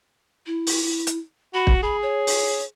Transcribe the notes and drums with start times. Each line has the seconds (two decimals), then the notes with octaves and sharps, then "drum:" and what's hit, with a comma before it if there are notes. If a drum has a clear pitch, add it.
0.47 E4
0.67 drum: open hi-hat
1.07 drum: hi-hat
1.54 F#4 B5
1.67 drum: kick
1.83 G#4 B5
2.03 C#5
2.27 drum: open hi-hat